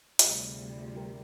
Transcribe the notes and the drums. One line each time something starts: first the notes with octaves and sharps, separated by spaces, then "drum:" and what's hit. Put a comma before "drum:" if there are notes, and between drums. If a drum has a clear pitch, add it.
D2 C3 G3 F4 G#4, drum: hi-hat
G4 A#4